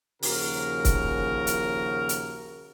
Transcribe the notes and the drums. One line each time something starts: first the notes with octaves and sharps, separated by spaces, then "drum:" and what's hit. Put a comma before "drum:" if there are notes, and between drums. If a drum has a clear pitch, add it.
D#2 C#3 F3 F#4 A#4, drum: open hi-hat
drum: kick C#1, hi-hat
drum: hi-hat
drum: hi-hat